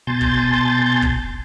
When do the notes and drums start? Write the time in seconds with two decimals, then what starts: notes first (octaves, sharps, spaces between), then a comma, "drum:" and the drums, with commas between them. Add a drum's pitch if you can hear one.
0.07 B2 G#5 A5 C6 G6 A6
0.21 drum: kick
1.02 drum: kick